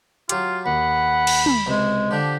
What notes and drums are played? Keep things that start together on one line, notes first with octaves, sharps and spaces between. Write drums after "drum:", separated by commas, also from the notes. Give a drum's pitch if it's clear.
F#3 F4 G4, drum: hi-hat
D#2 F#5 B5
drum: cymbal
drum: tom
C#2 C3 G#3
D3 F3 D4 G4